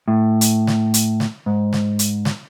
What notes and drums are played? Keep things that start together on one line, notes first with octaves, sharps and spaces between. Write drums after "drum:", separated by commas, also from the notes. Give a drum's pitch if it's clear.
A2
drum: hi-hat
drum: snare
drum: hi-hat
drum: snare
G#2
drum: snare
drum: hi-hat
drum: snare